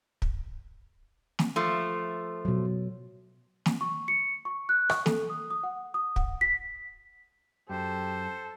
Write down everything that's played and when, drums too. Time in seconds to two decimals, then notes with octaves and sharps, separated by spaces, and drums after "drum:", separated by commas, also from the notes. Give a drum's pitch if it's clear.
0.22 drum: kick
1.39 drum: snare
1.56 F3 A3
2.45 B2 F#3
3.66 drum: snare
3.81 C#6
4.08 C#7
4.45 C#6
4.69 F#6
4.90 C#6, drum: rim click
5.06 A4, drum: snare
5.30 D#6
5.51 D#6
5.63 F#5
5.94 D#6
6.16 F#5, drum: kick
6.41 B6
7.70 F#2 G4 A4 C5